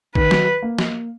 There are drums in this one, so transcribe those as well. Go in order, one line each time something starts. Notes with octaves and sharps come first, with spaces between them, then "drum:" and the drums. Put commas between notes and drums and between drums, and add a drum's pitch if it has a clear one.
D#3 B4, drum: kick A1
F#3, drum: snare
A#3
drum: snare